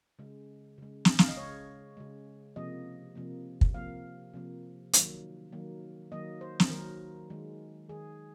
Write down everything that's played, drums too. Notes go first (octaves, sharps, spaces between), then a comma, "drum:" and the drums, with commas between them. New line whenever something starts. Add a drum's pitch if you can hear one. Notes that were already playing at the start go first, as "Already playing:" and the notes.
C#3 G#3
C#3 G#3
drum: snare
F5, drum: snare
D#5
C#3 G#3 C#5
C#3 G#3
C3 F3 A#3 D#5
C3 F3 A#3
drum: kick
C3 F3 A#3 F5
C3 F3 A#3
D#3 F#3 A#3, drum: hi-hat
D#3 F#3 A#3
D#3 F#3 A#3 D#5
C5
drum: snare
D#3 F#3 A#3 A#4
D#3 G#3
D#3 G#3 G#4